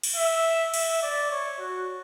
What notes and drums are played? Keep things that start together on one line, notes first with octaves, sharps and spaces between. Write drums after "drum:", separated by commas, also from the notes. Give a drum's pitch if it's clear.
drum: cymbal
E5
E5, drum: cymbal
D5
C#5
F#4